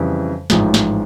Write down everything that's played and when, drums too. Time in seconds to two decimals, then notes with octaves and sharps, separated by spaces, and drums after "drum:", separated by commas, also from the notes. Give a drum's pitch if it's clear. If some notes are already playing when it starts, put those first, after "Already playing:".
Already playing: F2 C#3 E3 G3
0.50 A1 G#2 F3 G#3, drum: snare
0.74 drum: snare